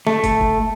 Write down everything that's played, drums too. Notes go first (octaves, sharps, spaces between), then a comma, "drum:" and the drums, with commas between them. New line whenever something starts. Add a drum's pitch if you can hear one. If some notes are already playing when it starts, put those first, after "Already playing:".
A3, drum: snare
drum: kick, hi-hat
drum: kick